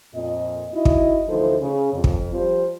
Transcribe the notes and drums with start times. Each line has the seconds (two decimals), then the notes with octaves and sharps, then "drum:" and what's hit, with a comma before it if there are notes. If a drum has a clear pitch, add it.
0.14 F2 A#2 D#5
0.74 D#4 E4 F#4 D#5
0.85 drum: kick
1.27 D2 E3 F3 D#4 A4 C5
1.60 C#3
1.93 F2
2.04 drum: kick
2.33 F3 G3 F4 G4 C5